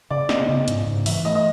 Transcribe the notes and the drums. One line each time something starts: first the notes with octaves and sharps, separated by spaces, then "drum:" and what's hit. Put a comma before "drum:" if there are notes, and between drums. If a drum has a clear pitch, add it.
C#3 D5
B3 D#5, drum: snare
C#3
G#2, drum: hi-hat
G#2
E3 E5, drum: open hi-hat
A3 D#5
D#5